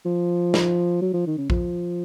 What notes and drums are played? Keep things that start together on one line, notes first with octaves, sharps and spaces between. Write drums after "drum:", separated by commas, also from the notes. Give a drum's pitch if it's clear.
F3
drum: snare
F#3
F3
D#3
C#3
F3, drum: kick A#1